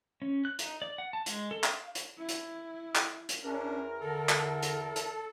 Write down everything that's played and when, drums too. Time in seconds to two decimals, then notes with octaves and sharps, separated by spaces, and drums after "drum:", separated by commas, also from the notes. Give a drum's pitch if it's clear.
0.22 C#4
0.45 F#6
0.59 D#4, drum: hi-hat
0.82 D5
0.98 F#5
1.13 A5
1.26 G#3, drum: hi-hat
1.51 A4
1.64 F5, drum: clap
1.95 drum: hi-hat
2.17 E4
2.29 drum: hi-hat
2.95 drum: clap
3.29 drum: hi-hat
3.43 E2 C#4 D4 A#4
4.00 D3 A4
4.29 drum: clap
4.63 drum: hi-hat
4.96 drum: hi-hat